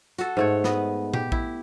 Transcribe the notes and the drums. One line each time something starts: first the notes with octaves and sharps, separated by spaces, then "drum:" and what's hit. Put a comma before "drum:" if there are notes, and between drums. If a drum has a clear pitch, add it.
F#4 A4, drum: hi-hat
G#2 A3 C#5
B3 D#5, drum: snare
G4, drum: tom A#2
E4, drum: kick A#1